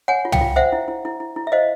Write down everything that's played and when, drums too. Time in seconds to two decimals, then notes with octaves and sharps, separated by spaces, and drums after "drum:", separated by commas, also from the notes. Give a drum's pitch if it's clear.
0.08 C#5 F#5 G#5
0.25 F4
0.32 F5 G5, drum: tom
0.41 F4
0.56 C5 E5 F#5
0.72 E4
0.88 E4
1.05 E4
1.20 E4
1.36 E4
1.47 E5
1.52 C5 D#5 F5